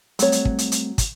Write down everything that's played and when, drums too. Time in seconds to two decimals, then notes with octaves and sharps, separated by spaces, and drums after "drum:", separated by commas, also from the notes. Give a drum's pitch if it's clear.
0.19 F#3 G3 A3 C4 C#5, drum: hi-hat
0.32 drum: hi-hat
0.45 drum: kick
0.58 drum: hi-hat
0.72 drum: hi-hat
0.98 drum: kick, hi-hat